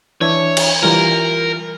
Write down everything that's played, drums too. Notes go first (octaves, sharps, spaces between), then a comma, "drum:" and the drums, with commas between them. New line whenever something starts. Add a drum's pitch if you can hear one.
E3 D4 C#5 E5
drum: cymbal
E3 G3 F4 A#4